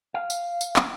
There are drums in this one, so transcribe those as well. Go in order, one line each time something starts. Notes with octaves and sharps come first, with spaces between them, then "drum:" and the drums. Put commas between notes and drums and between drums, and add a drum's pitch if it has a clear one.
F5
drum: tambourine
drum: tambourine
drum: clap